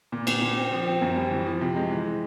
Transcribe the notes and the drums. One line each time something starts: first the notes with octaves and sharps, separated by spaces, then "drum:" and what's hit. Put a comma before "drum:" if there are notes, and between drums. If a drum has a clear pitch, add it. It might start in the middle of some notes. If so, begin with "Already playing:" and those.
A#2
A#2, drum: cymbal
A#2
C4
F3
C4
F#2
G3
E3
F3
C3
G#3
E3